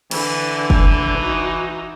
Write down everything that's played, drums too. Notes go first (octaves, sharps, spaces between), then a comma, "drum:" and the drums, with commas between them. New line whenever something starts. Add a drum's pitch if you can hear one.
D3 E3 B4, drum: cymbal
drum: kick
D#4 F#4